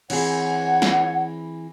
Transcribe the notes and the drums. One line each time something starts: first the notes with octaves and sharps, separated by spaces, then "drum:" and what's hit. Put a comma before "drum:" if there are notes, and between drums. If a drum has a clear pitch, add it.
E3 C4 G#4 C#5 F#5, drum: cymbal
drum: snare